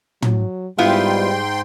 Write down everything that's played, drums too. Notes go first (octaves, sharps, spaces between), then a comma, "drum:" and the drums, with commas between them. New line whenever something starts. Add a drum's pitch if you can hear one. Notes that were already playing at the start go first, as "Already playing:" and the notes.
F#3, drum: tom
G#2 G3 B3 E4 F4 G5 C6